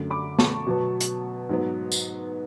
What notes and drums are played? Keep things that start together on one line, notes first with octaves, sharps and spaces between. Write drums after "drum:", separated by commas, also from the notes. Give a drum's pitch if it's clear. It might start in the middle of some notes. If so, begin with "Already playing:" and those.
Already playing: F#2 D3 A3
B5 D6
A5 C#6, drum: snare
B2 F#3 B3
drum: hi-hat
G#2 F#3 B3
drum: tambourine